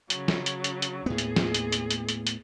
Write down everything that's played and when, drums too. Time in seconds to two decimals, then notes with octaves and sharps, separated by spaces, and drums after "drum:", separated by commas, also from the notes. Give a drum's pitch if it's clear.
0.10 C#3 F#3, drum: hi-hat
0.28 drum: snare
0.46 drum: hi-hat
0.64 drum: hi-hat
0.82 drum: hi-hat
1.06 D#2 A2 B3 G#4
1.18 drum: hi-hat
1.36 drum: snare
1.54 drum: hi-hat
1.72 drum: hi-hat
1.91 drum: hi-hat
2.09 drum: hi-hat
2.27 drum: hi-hat